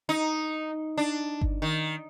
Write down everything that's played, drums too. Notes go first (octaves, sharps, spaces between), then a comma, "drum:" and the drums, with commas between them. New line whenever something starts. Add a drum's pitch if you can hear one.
D#4
D4
drum: kick G1
D#3